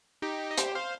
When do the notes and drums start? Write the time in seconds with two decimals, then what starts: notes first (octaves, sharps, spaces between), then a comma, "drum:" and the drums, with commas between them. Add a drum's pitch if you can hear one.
0.22 D#4 G4
0.51 D#5
0.58 G4 C5, drum: hi-hat
0.75 C5 F5